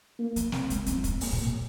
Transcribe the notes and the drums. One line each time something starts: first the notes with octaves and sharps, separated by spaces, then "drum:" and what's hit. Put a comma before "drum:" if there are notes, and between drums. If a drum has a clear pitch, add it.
A#3
F3, drum: hi-hat
C4, drum: snare
G#3, drum: hi-hat
F3 C4, drum: hi-hat
drum: kick, hi-hat
A#3, drum: open hi-hat
A#2